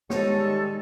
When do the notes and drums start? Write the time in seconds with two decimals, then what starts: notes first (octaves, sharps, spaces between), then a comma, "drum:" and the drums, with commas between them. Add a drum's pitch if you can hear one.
0.10 D#3 G3 G#3 D#4 A4 C#5, drum: snare